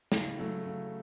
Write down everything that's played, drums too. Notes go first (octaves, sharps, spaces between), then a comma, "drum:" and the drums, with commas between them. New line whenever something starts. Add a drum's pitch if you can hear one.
C#3, drum: snare
F#3 A3
C#3